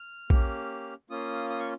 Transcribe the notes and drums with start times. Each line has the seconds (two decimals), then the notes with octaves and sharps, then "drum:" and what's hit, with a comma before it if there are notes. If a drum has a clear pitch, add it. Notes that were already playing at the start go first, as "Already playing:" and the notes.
Already playing: F6
0.30 A#3 C#4 G4, drum: kick A#1
1.10 A#3 C#4 F4 D#6
1.50 D#6
1.59 C#6